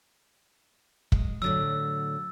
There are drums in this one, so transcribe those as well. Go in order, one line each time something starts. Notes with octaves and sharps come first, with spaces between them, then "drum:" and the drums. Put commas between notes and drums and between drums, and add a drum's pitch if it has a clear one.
G#3, drum: kick
A2 D3 F#3 E6 A6